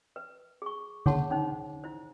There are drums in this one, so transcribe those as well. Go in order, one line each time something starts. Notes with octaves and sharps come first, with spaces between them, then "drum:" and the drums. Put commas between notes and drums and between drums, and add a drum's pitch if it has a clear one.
B4
G#4 C#6
G#4 C#5 F#5 A5 C6, drum: tom D3
C#4 D#4 C5
E4 C5